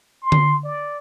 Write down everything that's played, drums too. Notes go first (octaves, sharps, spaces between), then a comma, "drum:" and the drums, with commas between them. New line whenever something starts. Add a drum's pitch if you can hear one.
C6
drum: tom D3
D5